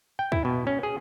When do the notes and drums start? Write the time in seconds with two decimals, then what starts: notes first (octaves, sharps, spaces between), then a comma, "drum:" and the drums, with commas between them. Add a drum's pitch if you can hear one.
0.19 G5
0.32 E4, drum: kick
0.45 B2
0.67 C#4
0.83 G#4